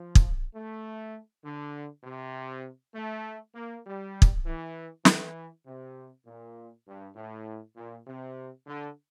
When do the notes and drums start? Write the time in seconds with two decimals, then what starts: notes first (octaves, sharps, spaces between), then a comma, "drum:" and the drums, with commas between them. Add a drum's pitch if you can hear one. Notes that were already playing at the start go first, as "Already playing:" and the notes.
Already playing: F3
0.15 drum: kick
0.54 A3
1.45 D3
2.04 C3
2.95 A3
3.55 A#3
3.86 G3
4.22 drum: kick
4.46 E3
5.05 E3, drum: snare
5.66 C3
6.26 A#2
6.87 G2
7.16 A2
7.76 A#2
8.07 C3
8.67 D3